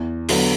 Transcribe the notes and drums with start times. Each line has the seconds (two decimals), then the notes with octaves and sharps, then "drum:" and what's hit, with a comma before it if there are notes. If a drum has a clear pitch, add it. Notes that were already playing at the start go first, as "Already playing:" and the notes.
Already playing: E2
0.29 D3 F#3 B3, drum: open hi-hat